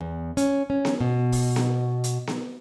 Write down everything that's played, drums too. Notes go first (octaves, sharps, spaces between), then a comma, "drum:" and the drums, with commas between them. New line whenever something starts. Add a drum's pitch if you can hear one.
E2
C#4, drum: hi-hat
C#4
drum: snare B3
B2
drum: kick, open hi-hat
drum: snare B3
drum: hi-hat
drum: snare B3